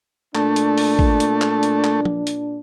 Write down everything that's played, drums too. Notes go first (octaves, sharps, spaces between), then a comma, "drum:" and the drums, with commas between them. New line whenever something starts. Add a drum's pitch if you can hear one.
A#2 A3 D4, drum: clap
drum: hi-hat
drum: open hi-hat
drum: kick
drum: hi-hat
drum: clap
drum: hi-hat
drum: clap
drum: tom F3
drum: hi-hat